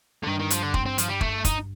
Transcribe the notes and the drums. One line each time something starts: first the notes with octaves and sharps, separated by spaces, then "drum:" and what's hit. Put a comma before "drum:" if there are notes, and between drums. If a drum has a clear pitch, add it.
D3
G2 D#3
D#3
F3, drum: hi-hat
D3
C4, drum: kick
C4
F3, drum: hi-hat
G3
A3, drum: kick
D#4, drum: kick, hi-hat